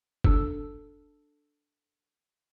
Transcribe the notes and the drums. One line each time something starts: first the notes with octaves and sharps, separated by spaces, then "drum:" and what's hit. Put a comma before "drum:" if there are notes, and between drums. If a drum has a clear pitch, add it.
D4 A4 E6, drum: kick F1